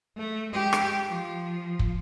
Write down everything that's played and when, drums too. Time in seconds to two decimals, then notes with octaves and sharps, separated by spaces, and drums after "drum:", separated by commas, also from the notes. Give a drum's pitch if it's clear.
0.16 A3
0.52 G#3 G4
0.73 drum: rim click
1.08 F3
1.79 drum: kick